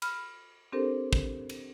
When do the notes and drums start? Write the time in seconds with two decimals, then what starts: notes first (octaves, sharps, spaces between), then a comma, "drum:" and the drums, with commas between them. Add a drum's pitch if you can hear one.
0.02 B5 F6, drum: cymbal
0.72 C4 D4 G4 A4 A#4 C5
1.13 drum: kick
1.49 drum: cymbal